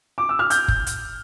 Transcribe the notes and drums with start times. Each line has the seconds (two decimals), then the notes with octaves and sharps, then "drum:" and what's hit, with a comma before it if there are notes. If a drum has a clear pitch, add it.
0.18 D6
0.29 E6
0.39 F6
0.50 G6, drum: hi-hat
0.68 drum: kick F#1
0.87 drum: hi-hat